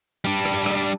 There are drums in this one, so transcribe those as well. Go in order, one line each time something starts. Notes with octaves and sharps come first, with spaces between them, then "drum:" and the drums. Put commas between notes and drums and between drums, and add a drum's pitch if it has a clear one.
G3 D4, drum: hi-hat
drum: rim click
drum: rim click